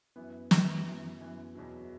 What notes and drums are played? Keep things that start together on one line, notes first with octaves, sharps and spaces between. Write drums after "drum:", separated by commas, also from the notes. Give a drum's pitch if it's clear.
F#2 E3 B3
F#2 E3 B3, drum: snare
F#2 E3 B3
F#2 E3 B3
E2 B2 F#3